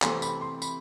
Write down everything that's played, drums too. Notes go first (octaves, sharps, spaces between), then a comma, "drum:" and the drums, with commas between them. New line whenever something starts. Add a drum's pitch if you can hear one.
C3 E3 A3 C4 C6, drum: clap
B5, drum: tambourine
C6
B5, drum: tambourine